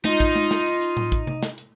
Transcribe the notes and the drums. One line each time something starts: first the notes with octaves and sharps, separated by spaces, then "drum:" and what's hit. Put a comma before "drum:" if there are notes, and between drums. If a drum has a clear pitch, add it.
D#4 F4, drum: tom G#3
drum: kick, hi-hat
drum: tom G#3
drum: snare
drum: hi-hat
drum: hi-hat
drum: tom A2
drum: kick, hi-hat
drum: tom C3
drum: snare
drum: hi-hat